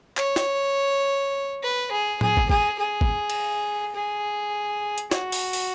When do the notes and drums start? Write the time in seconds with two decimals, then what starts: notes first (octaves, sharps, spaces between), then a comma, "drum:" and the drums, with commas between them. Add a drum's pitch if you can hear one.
0.17 C#5, drum: clap
0.36 drum: snare
1.63 B4
1.91 G#4
2.21 G#4, drum: tom A2
2.37 drum: kick
2.50 G#4, drum: kick
2.79 G#4
3.01 drum: kick
3.30 drum: cymbal
3.95 G#4
4.98 drum: hi-hat
5.11 F#4, drum: snare
5.32 drum: open hi-hat
5.53 drum: open hi-hat